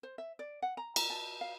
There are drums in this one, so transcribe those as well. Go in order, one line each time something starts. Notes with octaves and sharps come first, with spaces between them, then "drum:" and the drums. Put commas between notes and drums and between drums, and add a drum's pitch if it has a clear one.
C5
E5
D5
F#5
A#5
A#5, drum: cymbal
A5
F5